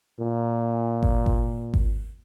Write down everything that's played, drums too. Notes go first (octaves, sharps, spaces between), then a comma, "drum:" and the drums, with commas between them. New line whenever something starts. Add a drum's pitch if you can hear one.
A#2
drum: kick G#1
drum: kick G#1
drum: kick G#1